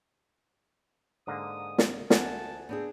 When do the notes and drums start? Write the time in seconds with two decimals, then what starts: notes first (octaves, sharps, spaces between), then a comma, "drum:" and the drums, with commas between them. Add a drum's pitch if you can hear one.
1.27 G#2 D3 A#3 D#6
1.78 drum: snare
2.10 D2 F#5 G#5 A5 G#6, drum: snare
2.69 B3 C4 D4 G#4